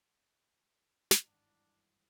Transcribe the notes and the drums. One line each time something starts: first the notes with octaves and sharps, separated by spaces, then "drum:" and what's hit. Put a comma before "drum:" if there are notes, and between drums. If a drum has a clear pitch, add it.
drum: snare
G#1 E2 G2 D4